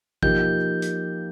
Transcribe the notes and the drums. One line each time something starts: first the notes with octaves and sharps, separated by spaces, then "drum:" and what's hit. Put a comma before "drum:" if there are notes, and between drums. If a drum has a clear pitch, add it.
F3 A#3 D#4 G4 G6, drum: kick G#1
drum: hi-hat